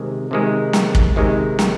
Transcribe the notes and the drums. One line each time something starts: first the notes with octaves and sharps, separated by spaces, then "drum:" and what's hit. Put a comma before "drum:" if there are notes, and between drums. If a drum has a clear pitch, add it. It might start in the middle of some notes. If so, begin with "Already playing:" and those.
Already playing: C3 D#3 G#3
C3 D#3 G#3
drum: snare
drum: kick
C3 D#3 G#3
drum: snare